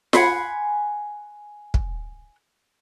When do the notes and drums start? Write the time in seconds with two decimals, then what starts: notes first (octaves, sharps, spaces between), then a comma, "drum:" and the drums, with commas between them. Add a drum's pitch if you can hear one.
0.13 F#5 G#5 B5 C6, drum: snare F4
1.74 drum: kick